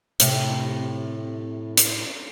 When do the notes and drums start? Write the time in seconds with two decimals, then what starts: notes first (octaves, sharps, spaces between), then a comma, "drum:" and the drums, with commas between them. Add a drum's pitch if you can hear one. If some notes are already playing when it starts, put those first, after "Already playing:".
0.20 A2 C3, drum: hi-hat
1.77 drum: hi-hat